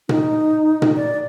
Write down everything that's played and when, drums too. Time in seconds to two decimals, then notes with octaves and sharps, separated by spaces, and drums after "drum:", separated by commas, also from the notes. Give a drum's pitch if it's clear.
0.09 D#4, drum: tom A#2
0.82 drum: tom A#2
0.96 D5